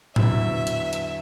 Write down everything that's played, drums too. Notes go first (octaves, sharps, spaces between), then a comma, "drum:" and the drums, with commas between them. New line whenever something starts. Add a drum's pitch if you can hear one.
E2 D3 F#3 B3 E4 E5, drum: tom A2
drum: hi-hat
drum: hi-hat